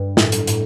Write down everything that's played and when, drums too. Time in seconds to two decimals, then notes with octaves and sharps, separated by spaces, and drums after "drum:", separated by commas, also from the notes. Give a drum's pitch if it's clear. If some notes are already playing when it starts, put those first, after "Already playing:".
Already playing: G2
0.17 A2, drum: snare
0.32 drum: hi-hat
0.47 A2, drum: hi-hat